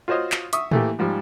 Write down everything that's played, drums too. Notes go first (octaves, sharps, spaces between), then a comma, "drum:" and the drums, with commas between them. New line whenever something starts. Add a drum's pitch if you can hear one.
F4 F#4 C5 C#5 D#5 F5
drum: clap
E5 C#6 D#6, drum: hi-hat
E3 A3 A#3 G4, drum: tom A2
G#2 F3 G3